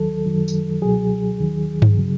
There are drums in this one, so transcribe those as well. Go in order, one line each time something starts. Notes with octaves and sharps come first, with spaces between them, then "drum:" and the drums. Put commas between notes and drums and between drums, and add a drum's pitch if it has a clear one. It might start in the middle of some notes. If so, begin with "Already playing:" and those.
Already playing: D#2 D#3 F#3 A4
F#2 D#3 F#3
drum: tambourine
C#2 B2 F#3 G#4
D#2 D#3 F#3
drum: tom G2
C#3 F#3